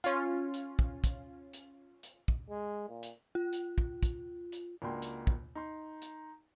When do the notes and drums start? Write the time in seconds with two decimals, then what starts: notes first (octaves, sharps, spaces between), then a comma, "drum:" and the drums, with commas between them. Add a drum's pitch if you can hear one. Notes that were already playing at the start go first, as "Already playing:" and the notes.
0.04 C#4 F4, drum: hi-hat
0.54 drum: hi-hat
0.79 drum: kick
1.04 drum: kick, hi-hat
1.53 drum: hi-hat
2.03 drum: hi-hat
2.28 drum: kick
2.50 G#3
2.89 A#2
3.03 drum: hi-hat
3.35 F4
3.53 drum: hi-hat
3.78 drum: kick
4.03 drum: kick, hi-hat
4.52 drum: hi-hat
4.82 C#2 A#3 D4 F#4 G5 C6
5.02 drum: hi-hat
5.27 drum: kick
5.55 D#4 C6
6.02 drum: hi-hat